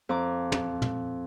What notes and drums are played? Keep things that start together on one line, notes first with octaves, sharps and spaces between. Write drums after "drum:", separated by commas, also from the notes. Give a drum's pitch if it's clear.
F2 A#5 D6
drum: tom
drum: tom